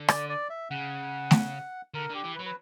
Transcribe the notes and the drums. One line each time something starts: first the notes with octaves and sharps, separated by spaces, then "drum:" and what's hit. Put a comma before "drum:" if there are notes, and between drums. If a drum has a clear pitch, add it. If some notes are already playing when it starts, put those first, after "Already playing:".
Already playing: D3
D5, drum: rim click
D5
E5
C#3 F#5
drum: snare A3
D3 A#4
D3 G4
E3
B4
F#3
B4